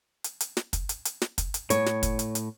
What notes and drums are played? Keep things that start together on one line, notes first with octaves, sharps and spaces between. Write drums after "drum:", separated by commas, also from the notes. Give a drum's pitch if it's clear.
drum: hi-hat
drum: hi-hat
drum: snare
drum: kick, hi-hat
drum: hi-hat
drum: hi-hat
drum: snare
drum: kick, hi-hat
drum: hi-hat
A2 C#5, drum: hi-hat
drum: snare
drum: kick, hi-hat
drum: hi-hat
drum: hi-hat